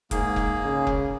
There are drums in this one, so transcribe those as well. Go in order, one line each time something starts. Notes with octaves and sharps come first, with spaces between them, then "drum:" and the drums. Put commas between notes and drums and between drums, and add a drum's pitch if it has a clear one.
G#2 A#3 G#4, drum: kick F1, hi-hat
drum: kick F1
C#3
drum: kick F1